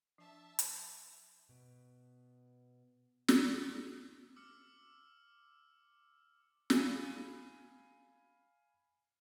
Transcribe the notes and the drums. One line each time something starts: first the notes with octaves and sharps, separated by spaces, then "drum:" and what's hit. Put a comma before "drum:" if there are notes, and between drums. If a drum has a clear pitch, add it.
F3 D4 E5 A5
drum: hi-hat
B2
A#3, drum: snare
D6 E6 F6 C#7
F5 G#5 B5, drum: snare